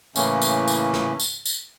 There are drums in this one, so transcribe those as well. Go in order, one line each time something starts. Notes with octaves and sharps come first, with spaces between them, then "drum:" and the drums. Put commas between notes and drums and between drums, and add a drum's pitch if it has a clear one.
A2 C#3 E3 A3 A#3 C#4, drum: tambourine
drum: tambourine
drum: tambourine
drum: snare
drum: tambourine
drum: tambourine